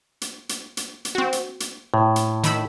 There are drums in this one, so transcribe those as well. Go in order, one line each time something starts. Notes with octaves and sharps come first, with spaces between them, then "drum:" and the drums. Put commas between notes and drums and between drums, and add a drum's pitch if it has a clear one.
drum: hi-hat
drum: hi-hat
drum: hi-hat
drum: hi-hat
C4 F#4
drum: hi-hat
drum: hi-hat
A2
drum: hi-hat
D#3 B5 E6, drum: hi-hat